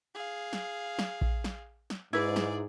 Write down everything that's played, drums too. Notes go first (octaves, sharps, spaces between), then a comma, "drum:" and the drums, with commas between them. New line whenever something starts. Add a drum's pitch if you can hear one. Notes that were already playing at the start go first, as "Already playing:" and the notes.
G#4 F5
drum: snare
drum: snare
drum: kick A#1
drum: snare
drum: snare
G#2 E4 G#4 B4 D5
drum: snare